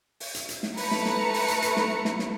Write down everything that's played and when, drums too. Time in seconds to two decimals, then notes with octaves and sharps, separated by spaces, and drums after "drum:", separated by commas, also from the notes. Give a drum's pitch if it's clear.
0.20 drum: open hi-hat
0.35 drum: hi-hat
0.49 drum: hi-hat
0.63 drum: snare
0.77 A3 B4 A#5 C#7, drum: open hi-hat
0.91 drum: snare
1.06 drum: snare
1.34 drum: open hi-hat
1.48 drum: hi-hat
1.62 drum: hi-hat
1.77 drum: snare
2.05 drum: snare
2.19 drum: snare